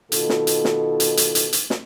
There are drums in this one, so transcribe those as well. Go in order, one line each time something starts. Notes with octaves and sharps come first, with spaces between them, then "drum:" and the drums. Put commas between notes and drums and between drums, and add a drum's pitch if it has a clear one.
B2 D#3 F4 A4, drum: hi-hat
drum: snare
drum: hi-hat
drum: snare
drum: hi-hat
drum: hi-hat
drum: hi-hat
drum: hi-hat
drum: snare